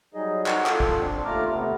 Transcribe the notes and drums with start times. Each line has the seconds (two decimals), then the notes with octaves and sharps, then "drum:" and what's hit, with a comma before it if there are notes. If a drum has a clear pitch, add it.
0.14 F#3 G3 D#4 G#4 D#5
0.46 D#4 F#4 C5 F#5 G5, drum: clap
0.66 F4 A4, drum: clap
0.80 drum: kick
0.98 C4 D4
1.25 D#2 A3 F4 A#5 D6 F6
1.52 C3 A3 B3